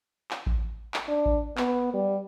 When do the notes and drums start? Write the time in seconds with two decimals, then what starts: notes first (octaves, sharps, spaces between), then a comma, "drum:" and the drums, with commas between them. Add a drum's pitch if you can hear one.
0.31 drum: clap
0.47 drum: kick A1
0.94 drum: clap
1.08 D4
1.26 drum: kick A1
1.57 B3, drum: clap
1.94 G3